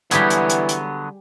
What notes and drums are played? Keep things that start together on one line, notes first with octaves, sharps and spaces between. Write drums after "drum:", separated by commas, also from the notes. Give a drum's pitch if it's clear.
D3 E3 F#3 G3 B3 G4 G#4, drum: hi-hat
drum: hi-hat
drum: hi-hat
drum: hi-hat